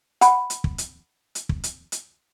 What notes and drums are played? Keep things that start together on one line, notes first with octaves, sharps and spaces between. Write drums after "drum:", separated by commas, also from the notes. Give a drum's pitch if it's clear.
F#5 B5, drum: hi-hat
drum: hi-hat
drum: kick
drum: hi-hat
drum: hi-hat
drum: kick
drum: hi-hat
drum: hi-hat